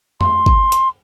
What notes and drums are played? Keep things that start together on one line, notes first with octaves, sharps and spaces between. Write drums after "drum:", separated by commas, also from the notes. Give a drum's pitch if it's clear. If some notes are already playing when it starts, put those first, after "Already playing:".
C6, drum: tom F2
drum: kick
drum: hi-hat